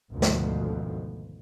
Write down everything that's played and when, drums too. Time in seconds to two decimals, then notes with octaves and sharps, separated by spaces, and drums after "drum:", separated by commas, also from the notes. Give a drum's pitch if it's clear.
0.11 G#1 D2 G#2 B2 D#3 F3
0.22 drum: snare